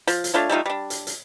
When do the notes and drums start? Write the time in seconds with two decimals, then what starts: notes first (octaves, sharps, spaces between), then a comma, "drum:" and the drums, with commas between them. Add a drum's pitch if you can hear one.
0.07 F3, drum: hi-hat
0.24 drum: hi-hat
0.34 A3 D4 F4 C#5
0.49 G3 A3 D#4 F4
0.66 G3 D4
0.90 drum: hi-hat
1.07 drum: hi-hat